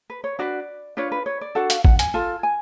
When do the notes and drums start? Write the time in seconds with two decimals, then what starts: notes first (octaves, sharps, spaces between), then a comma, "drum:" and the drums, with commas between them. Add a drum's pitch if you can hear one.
0.10 B4
0.24 C#5
0.39 D4 F#4 B4 D5
0.97 D4 F4 B4 C#5
1.12 B4
1.26 C#5
1.41 D5
1.55 D4 F#4 A4 F#5
1.70 F5, drum: hi-hat
1.85 F#5, drum: kick G#1
1.99 G#5, drum: hi-hat
2.14 F4 A4 A5
2.43 G#5